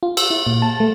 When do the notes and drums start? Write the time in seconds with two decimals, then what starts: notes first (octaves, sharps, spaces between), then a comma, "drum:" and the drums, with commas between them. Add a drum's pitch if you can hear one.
0.03 F4
0.17 E6, drum: cymbal
0.30 E4
0.47 A#2
0.62 A5
0.80 A3